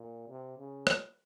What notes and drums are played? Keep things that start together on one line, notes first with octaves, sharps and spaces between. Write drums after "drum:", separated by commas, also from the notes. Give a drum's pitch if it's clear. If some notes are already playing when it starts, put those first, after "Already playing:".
Already playing: A#2
C3
C#3
drum: rim click